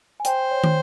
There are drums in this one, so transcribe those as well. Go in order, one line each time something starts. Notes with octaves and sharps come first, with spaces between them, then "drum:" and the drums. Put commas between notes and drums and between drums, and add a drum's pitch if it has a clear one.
G#5
C5 G5, drum: hi-hat
C#5
drum: tom